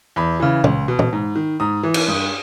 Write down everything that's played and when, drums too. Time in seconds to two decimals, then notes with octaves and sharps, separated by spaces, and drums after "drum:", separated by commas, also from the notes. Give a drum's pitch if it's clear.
0.16 E2 B5
0.40 C#3 E3
0.64 C#2, drum: tom
0.88 B2
0.99 drum: tom
1.13 G#2
1.35 D#3
1.60 G#2 D#6
1.83 E3
1.94 drum: cymbal
2.08 G2 D#6